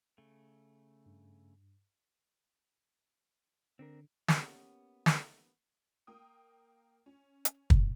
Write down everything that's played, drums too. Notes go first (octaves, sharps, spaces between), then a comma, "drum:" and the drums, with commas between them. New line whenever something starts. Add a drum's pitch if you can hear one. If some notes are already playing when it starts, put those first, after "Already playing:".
C#3 A3
G2
D3 C4 D4 A#4
A#3 B3 C#4 G4, drum: snare
drum: snare
A#3 G5 D#6
C#4
drum: hi-hat
drum: kick